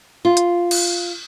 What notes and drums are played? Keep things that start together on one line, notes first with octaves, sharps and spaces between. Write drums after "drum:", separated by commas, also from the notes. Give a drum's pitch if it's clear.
F4
drum: hi-hat
drum: cymbal